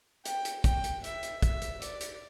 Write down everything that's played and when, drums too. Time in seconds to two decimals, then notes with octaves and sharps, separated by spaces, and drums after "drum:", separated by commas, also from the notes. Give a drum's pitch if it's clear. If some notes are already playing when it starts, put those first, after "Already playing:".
0.25 G5, drum: hi-hat
0.45 drum: hi-hat
0.64 G5, drum: kick, hi-hat
0.84 drum: hi-hat
1.04 E5, drum: hi-hat
1.23 drum: hi-hat
1.42 E5, drum: kick, hi-hat
1.62 drum: hi-hat
1.82 D5, drum: hi-hat
2.01 drum: hi-hat